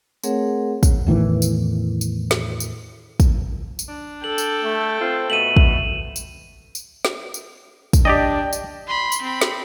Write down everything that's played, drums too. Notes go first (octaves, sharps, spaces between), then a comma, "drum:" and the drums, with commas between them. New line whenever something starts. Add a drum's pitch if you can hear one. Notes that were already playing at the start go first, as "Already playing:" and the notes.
A3 C4 G#4 A#4 C#5 F#5, drum: tambourine
drum: kick, tambourine
E2 A2 D#3 E3
drum: tambourine
drum: tambourine
drum: snare
drum: tambourine
drum: kick, tambourine
drum: tambourine
D4
A4 G5 F#7
drum: tambourine
A3
C4 F4
B2 A3 D#7 E7 F#7
drum: kick
drum: tambourine
drum: tambourine
drum: snare
drum: tambourine
drum: kick, tambourine
D4 G4 D5 D#5 G5
drum: tambourine
B5 C6
drum: tambourine
C4 B5
drum: snare